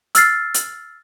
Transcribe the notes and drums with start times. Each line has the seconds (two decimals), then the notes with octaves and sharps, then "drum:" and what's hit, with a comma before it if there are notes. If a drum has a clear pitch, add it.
0.15 E6 F6 A6 C7, drum: hi-hat
0.54 drum: hi-hat